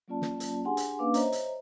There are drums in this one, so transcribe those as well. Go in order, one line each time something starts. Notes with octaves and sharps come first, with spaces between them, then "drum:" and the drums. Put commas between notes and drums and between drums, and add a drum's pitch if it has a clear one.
F#3 A#3 C#4 F4 D5 A5
drum: snare
drum: hi-hat
D4 G4 G#4 F#5 G#5 C6
drum: hi-hat
A#3 C#4 D4 B4 F5 D6
C5 C#5 D#5 E5 A#5, drum: hi-hat
drum: hi-hat